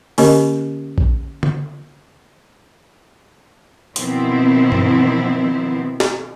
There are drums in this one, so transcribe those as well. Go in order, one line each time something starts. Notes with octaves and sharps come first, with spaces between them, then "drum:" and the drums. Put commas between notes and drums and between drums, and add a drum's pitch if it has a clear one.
D3 A#3 C#4 G4 A#4 D#5, drum: open hi-hat
drum: kick A#1
drum: tom D3
B2 D#3 F3 B3 C4 E4, drum: hi-hat
drum: tom G2
drum: snare